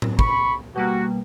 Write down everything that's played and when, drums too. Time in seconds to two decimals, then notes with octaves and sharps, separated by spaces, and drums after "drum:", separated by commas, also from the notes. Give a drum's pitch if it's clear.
0.02 drum: tom A2
0.19 B5 C#6, drum: kick
0.76 B2 G3 A#3 F#4